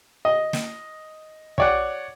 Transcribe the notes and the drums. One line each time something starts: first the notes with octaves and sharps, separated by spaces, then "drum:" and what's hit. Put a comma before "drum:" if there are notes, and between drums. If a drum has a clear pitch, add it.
D#5
drum: snare
C#5 D5 F#5, drum: kick